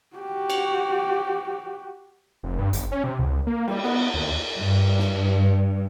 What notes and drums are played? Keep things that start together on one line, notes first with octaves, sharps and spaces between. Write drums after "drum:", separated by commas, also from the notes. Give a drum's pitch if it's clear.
F#4 G4
drum: cymbal
F1
G2
G1, drum: hi-hat
C#4
C3
C#2
A#3
G3, drum: cymbal
B3, drum: cymbal
D#2
G2
drum: snare